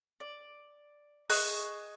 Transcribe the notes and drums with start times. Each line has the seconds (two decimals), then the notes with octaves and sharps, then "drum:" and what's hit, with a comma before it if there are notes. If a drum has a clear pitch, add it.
0.20 D5
1.30 G#4 D#5 C#6 F#6, drum: open hi-hat